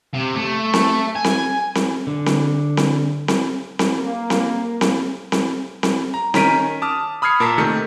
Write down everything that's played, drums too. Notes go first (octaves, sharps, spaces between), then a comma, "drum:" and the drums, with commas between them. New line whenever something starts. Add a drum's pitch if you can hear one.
C3
A3
drum: snare C4
G#5
drum: snare C4
drum: snare C4
D3
drum: snare C4
drum: snare C4
drum: snare C4
drum: snare C4
A#3
drum: snare C4
drum: snare C4
drum: snare C4
drum: snare C4
A#5
D#3 C#4 A#5 B6 D7 D#7, drum: snare C4
A5 D6 D#6 F6
B5 D#6 F6 G#6 C7 C#7
A#2 A#4 A5 B6
C3 D#3 A3 C#7